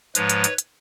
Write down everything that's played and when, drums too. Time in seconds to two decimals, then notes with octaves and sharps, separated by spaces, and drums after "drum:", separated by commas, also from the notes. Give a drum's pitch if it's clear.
0.15 G#2 F3 G#3 B4 C#5, drum: hi-hat
0.29 drum: hi-hat
0.44 drum: hi-hat
0.58 drum: hi-hat